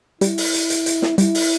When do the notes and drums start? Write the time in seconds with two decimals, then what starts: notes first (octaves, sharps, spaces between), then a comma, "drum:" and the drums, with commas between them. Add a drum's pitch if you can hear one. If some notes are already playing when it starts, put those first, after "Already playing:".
0.21 G3 E4, drum: hi-hat
0.38 drum: open hi-hat
0.54 drum: hi-hat
0.70 drum: hi-hat
0.86 drum: hi-hat
1.02 drum: snare
1.18 G3 E4, drum: hi-hat
1.35 drum: open hi-hat